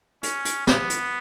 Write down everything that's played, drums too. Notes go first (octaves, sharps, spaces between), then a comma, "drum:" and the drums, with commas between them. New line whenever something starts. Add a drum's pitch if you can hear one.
C#4, drum: hi-hat
drum: hi-hat
B3, drum: snare
drum: hi-hat